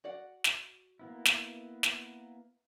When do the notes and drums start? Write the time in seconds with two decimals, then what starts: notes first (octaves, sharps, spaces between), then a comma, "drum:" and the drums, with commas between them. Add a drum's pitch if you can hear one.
0.04 F#4 D5 F#5
0.44 drum: snare
0.99 A#3 B3 E4
1.25 drum: snare
1.83 drum: snare